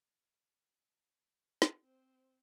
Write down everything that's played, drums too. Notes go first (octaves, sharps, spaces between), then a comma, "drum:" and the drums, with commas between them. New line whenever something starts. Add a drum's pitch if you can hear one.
drum: snare
C4 C5